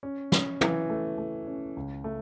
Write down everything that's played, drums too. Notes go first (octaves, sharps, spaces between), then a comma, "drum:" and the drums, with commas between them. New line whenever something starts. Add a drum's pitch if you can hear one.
C#4
C#4, drum: snare
E3, drum: tom
A3
A3
C#4
C#2
A3